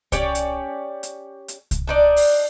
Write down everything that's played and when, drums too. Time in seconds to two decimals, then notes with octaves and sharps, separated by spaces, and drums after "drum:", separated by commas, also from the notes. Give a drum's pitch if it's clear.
0.12 C#4 G4 C#5 D5, drum: kick C2, hi-hat
0.35 drum: hi-hat
1.03 drum: hi-hat
1.48 drum: hi-hat
1.71 drum: kick C2, hi-hat
1.87 D4 D#4 D5
2.16 drum: open hi-hat